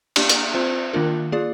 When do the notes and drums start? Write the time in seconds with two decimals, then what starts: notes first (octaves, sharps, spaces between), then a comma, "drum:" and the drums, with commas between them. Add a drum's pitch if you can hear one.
0.16 A#3 D4 G4 D5, drum: cymbal
0.29 drum: hi-hat
0.54 C4 F4 C5
0.93 D#3 A#3 D4 F4 A#4
1.32 A#3 F4 G#4 D5